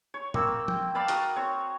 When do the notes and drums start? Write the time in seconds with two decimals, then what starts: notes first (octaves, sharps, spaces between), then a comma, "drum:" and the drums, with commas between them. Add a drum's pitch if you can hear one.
0.14 C#5
0.34 A#3 C4 E6, drum: tom
0.68 G5, drum: tom
0.95 D5 F5 A5 B5
1.08 F#4 A#4 D#6, drum: hi-hat
1.36 C4 C#5